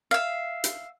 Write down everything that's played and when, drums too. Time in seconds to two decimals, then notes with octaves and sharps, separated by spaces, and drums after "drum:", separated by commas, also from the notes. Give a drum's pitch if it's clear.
0.11 E5 F5
0.64 drum: hi-hat